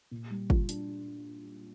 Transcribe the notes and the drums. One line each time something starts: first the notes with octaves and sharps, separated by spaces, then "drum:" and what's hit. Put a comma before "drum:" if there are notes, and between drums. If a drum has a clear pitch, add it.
A#2
G3
F4, drum: kick
D4, drum: hi-hat